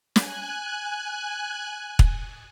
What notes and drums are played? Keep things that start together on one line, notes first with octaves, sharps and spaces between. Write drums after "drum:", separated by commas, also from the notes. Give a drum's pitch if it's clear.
G#5 F#6, drum: snare
drum: kick